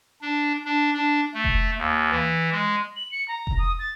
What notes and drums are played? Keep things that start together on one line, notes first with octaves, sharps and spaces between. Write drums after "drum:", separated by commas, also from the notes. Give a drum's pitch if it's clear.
D4
D4
D4
A3
drum: kick F1
D#2
E3
G#3
F#7
C#7
A#5
drum: kick F1
D#6
A6